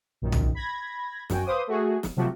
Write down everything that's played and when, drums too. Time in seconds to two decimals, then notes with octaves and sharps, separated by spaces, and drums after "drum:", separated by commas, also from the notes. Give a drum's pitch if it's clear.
0.22 A#1 F#2 D#3
0.32 drum: tom
0.55 B5 G#6 A#6
1.30 F#2 F#4 G5 G#5, drum: snare
1.46 B4 C5 F5 C6 D6 D#6
1.67 A3 F#4 G#4
2.03 drum: snare
2.17 C3 F3 F#3 A3 F#4 G4